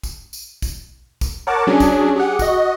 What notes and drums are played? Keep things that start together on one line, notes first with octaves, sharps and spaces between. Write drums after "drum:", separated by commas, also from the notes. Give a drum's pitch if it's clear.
drum: kick, tambourine
drum: tambourine
drum: kick, tambourine
drum: kick, tambourine
A#4 C#5 F#5 A5 D6
F#3 C#4 D4 G#4
drum: kick, tambourine
G4 G#4 F#5
F#4 D#5, drum: kick, tambourine